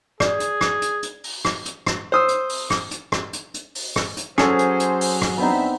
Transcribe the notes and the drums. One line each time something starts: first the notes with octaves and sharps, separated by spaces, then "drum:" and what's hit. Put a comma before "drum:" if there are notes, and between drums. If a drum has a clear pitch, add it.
G#4 D5, drum: rim click
drum: hi-hat
drum: rim click
drum: hi-hat
drum: hi-hat
drum: open hi-hat
drum: rim click
drum: hi-hat
drum: rim click
C5 D#6 E6
drum: hi-hat
drum: open hi-hat
drum: rim click
drum: hi-hat
drum: rim click
drum: hi-hat
drum: hi-hat
drum: open hi-hat
drum: rim click
drum: hi-hat
F#3 C#4 G#4 A4 C5, drum: rim click
drum: hi-hat
drum: hi-hat
drum: open hi-hat
drum: rim click
F2 B3 C4 D4 D#4 E5